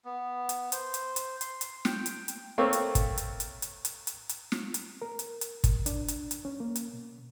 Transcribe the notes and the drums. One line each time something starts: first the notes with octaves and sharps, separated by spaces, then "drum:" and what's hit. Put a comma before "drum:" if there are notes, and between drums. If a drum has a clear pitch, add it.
B3
drum: hi-hat
C5, drum: hi-hat
drum: hi-hat
drum: hi-hat
C6, drum: hi-hat
drum: hi-hat
G5, drum: snare
drum: hi-hat
drum: hi-hat
A3 A#3 C4 C#5
drum: hi-hat
drum: kick, hi-hat
drum: hi-hat
drum: hi-hat
drum: hi-hat
drum: hi-hat
drum: hi-hat
drum: hi-hat
drum: snare
drum: hi-hat
A#4
drum: hi-hat
drum: hi-hat
drum: kick, hi-hat
D4, drum: hi-hat
drum: hi-hat
drum: hi-hat
C#4
A#3
drum: hi-hat
B2